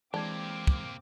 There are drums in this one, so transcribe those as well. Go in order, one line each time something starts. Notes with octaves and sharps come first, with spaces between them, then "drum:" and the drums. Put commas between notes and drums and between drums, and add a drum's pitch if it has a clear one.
E3 G#3 A#3 C4 D4 G4 D6 G#6
drum: kick